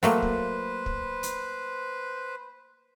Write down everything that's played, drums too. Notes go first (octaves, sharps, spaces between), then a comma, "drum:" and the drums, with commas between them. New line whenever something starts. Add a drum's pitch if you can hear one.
F#3 A3 A#3 B4 C5, drum: open hi-hat
drum: kick
drum: kick
drum: hi-hat